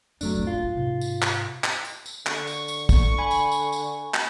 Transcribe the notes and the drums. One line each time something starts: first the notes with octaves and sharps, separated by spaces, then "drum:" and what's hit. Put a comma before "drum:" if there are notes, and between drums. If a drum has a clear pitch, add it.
F2 F#3 A3 D4, drum: tambourine
A1 F2
F4
E4
G#2 C3
drum: tambourine
drum: clap
drum: clap
drum: tambourine
drum: tambourine
D3 C#6, drum: clap
drum: tambourine
drum: tambourine
drum: kick, tambourine
G#5 B5
drum: tambourine
drum: tambourine
drum: tambourine
drum: clap